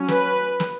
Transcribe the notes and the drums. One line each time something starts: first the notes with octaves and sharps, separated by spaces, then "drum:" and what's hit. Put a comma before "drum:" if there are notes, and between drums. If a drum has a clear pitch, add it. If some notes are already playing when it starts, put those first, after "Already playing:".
Already playing: F#3 C#4
B4, drum: snare
drum: snare